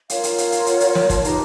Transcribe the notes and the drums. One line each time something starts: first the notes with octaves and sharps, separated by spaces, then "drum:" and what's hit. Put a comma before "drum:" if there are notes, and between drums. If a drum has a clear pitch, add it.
F4 A#4 C#5 F5, drum: hi-hat
drum: hi-hat
F5, drum: hi-hat
drum: hi-hat
F#5, drum: hi-hat
F#5, drum: hi-hat
drum: snare
A5, drum: kick, hi-hat
D#4 G4 B4 A#5, drum: hi-hat